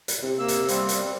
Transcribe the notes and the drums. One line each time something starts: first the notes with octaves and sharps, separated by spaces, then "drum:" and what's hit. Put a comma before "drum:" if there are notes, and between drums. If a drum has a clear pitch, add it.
drum: hi-hat
C3
A#3 E6
drum: hi-hat
G3 C4, drum: hi-hat
drum: hi-hat